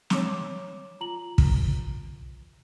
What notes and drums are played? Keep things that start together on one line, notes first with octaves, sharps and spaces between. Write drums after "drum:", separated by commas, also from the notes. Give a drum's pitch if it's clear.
C#5 D6 E7, drum: snare
F4 A#5 F#7
drum: kick